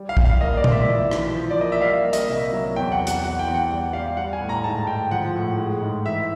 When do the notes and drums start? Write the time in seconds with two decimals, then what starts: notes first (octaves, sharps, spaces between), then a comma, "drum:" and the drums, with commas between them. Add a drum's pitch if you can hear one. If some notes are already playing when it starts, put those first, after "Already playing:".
Already playing: G3
0.09 F5
0.17 G3, drum: kick
0.25 F5
0.41 A#3 D#5
0.57 D5
0.64 A#1, drum: tom B2
0.72 E5
0.87 E3
1.11 E3, drum: rim click
1.35 F3
1.51 D5
1.59 A#3 D#5
1.72 E5
1.81 G3 F5
2.05 A#3
2.13 D#5, drum: hi-hat
2.29 C2 E5
2.53 F#3
2.76 E2 G5
2.92 F#5
2.99 E2
3.07 F#5, drum: hi-hat
3.23 E3 F#5
3.39 G5
3.47 E2
3.54 F#5
3.70 G3
3.93 G3 F5
4.17 G3 F#5
4.33 G#5
4.41 A2
4.49 A#5
4.64 G#2 A5
4.87 G#2 G5
5.11 F3 F#5
5.35 A2
5.58 G#3
5.81 G#2
6.05 E3 E5